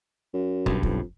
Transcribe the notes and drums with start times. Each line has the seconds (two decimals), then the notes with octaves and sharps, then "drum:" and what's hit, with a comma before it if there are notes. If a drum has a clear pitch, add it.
0.34 F#2
0.66 B1 G2, drum: kick
0.83 F2, drum: kick